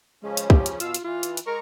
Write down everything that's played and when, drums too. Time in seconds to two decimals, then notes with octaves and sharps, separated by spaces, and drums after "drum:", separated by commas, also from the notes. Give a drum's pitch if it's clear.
0.23 C#3 F3 G#3 C#4
0.37 drum: hi-hat
0.50 G4, drum: kick
0.66 drum: hi-hat
0.80 B2 F4 F5 E6, drum: hi-hat
0.94 drum: hi-hat
1.04 E3 F4
1.23 drum: hi-hat
1.37 drum: hi-hat
1.46 G#3 A#4 A#5 C#6